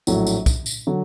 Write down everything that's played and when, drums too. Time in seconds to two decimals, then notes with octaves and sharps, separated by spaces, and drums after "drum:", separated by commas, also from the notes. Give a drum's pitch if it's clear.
0.07 A#1 A2 F#3 A3, drum: tambourine
0.27 drum: tambourine
0.46 drum: kick, tambourine
0.66 drum: tambourine
0.87 D3 F#3